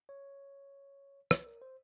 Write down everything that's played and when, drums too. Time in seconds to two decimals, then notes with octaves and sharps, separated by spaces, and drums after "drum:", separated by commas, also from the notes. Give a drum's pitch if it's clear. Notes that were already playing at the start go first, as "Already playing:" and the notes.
0.09 C#5
1.31 B4, drum: rim click
1.47 A#4
1.62 C5